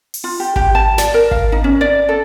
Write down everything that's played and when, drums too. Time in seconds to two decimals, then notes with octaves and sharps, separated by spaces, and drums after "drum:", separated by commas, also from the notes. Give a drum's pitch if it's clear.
0.14 drum: open hi-hat
0.24 F4
0.40 G4
0.56 G4, drum: kick G#1
0.75 A5
0.98 D5, drum: snare
1.14 A#4
1.31 F5, drum: kick G#1
1.52 D#4
1.64 C#4
1.81 D5
2.09 A4